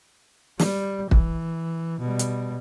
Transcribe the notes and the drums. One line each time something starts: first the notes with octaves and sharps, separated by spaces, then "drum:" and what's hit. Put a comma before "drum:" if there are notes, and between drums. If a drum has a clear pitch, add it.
G3, drum: snare
E3, drum: kick
B2 G3
drum: hi-hat